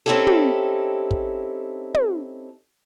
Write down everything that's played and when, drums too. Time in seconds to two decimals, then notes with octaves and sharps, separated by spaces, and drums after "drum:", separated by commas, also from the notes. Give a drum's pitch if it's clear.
0.06 C4 C#4 D#4 E4 G4 A4
0.27 drum: tom
1.11 drum: kick
1.94 drum: tom